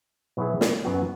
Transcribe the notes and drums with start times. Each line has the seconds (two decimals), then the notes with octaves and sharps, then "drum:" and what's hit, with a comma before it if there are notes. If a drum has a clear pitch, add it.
0.37 B2 F#3 E4 G#4
0.61 drum: snare
0.84 F#2 F#3 B3 F#4